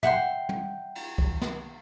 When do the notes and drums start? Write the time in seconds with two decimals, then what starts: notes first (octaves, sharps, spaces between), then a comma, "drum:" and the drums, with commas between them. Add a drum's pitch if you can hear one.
0.03 E5 F#5 G5 C6, drum: tom
0.49 drum: tom
0.95 drum: cymbal
1.18 drum: kick
1.41 drum: snare